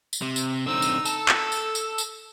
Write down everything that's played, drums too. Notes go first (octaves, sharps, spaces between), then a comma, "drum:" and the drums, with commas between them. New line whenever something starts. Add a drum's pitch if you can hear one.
drum: tambourine
C3
drum: tambourine
D3 C4 D#4 E6
drum: tambourine
A4 E6, drum: tambourine
drum: clap
drum: tambourine
drum: tambourine
drum: tambourine